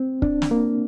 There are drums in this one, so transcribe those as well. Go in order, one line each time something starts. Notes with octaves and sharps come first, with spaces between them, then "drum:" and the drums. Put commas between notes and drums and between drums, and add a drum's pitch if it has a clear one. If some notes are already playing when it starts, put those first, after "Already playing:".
Already playing: C4
D4, drum: kick
drum: snare
A#3